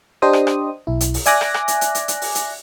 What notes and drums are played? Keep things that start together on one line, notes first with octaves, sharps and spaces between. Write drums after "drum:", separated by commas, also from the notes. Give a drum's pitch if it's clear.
D4 G4 C5 D#5 D#6
drum: rim click
drum: rim click
B1 E4
drum: hi-hat
drum: open hi-hat
D5 E5 G#5 D6 F#6 A#6, drum: hi-hat
drum: rim click
drum: rim click
drum: hi-hat
drum: hi-hat
drum: hi-hat
drum: hi-hat
drum: open hi-hat
drum: hi-hat